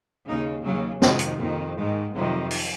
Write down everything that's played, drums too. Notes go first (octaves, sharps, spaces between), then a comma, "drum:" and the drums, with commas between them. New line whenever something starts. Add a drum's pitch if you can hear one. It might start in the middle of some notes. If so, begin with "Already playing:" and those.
D#2 C#3 D#4
C#3 F#3
D#2
F2 C3 D#3 G#3, drum: snare
drum: hi-hat
F2 D#3 A#3
G#2 D#3 G#3
F2 C3 D#3 F#3
drum: open hi-hat